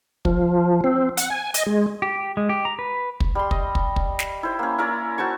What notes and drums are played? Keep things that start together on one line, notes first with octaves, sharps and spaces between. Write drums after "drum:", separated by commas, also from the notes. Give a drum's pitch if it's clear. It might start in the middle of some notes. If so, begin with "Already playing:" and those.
F3, drum: kick
C4
F#5, drum: hi-hat
G#5
D#5, drum: hi-hat
G#3
G4
G#3
G4
A#5
B4
drum: kick
G3 C6
D#5, drum: kick
drum: kick
drum: kick
drum: snare
E4 C5
A#3 C#4
C#4 E4 A#4 D5
F#4 C5 A5 C#6